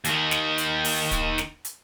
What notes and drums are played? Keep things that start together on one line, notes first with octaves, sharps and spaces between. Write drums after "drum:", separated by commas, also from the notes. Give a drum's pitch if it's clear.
D#2 D#3, drum: hi-hat
drum: snare
drum: hi-hat
drum: open hi-hat
drum: kick D1, hi-hat
drum: snare
drum: hi-hat